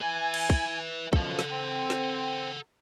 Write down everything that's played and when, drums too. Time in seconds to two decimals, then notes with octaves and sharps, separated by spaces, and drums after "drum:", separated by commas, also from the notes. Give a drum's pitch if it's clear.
0.01 B4 E5 G#5
0.34 drum: cymbal
0.50 drum: kick
1.13 F#2 B2 F3 A4 F#5, drum: kick
1.39 drum: snare
1.50 C4
1.90 drum: snare